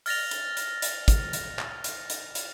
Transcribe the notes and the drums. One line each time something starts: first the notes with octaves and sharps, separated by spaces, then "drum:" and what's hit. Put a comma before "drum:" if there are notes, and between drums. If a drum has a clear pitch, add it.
F6 A6 A#6 F7, drum: open hi-hat
drum: hi-hat
drum: hi-hat
drum: hi-hat
drum: kick, hi-hat
drum: hi-hat
drum: clap
drum: hi-hat
drum: hi-hat
drum: hi-hat